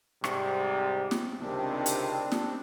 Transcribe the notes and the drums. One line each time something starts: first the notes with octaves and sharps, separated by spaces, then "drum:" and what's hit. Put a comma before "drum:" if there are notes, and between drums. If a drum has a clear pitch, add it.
G#2 C3 G3, drum: rim click
drum: snare
C#2 C3 D#3 G3 C4 D4
drum: hi-hat
drum: snare